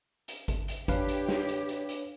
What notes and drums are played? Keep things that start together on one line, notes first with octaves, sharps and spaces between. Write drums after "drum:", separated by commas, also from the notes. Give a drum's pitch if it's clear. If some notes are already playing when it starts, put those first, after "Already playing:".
drum: hi-hat
drum: kick G#1, hi-hat
drum: hi-hat
D4 G4 B4 C#5 F5, drum: kick G#1, hi-hat
drum: hi-hat
drum: snare
drum: hi-hat
drum: hi-hat
drum: hi-hat